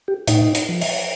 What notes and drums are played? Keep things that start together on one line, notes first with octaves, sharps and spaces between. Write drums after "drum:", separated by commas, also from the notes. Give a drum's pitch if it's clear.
G4
A2 D#4, drum: hi-hat
drum: hi-hat
F3
drum: open hi-hat